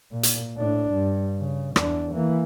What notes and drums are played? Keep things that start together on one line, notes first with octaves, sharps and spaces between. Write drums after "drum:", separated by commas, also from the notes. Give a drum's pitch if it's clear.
A#2
drum: hi-hat
A2 D4
G2
C#3
E2 D4, drum: rim click
E3 A#3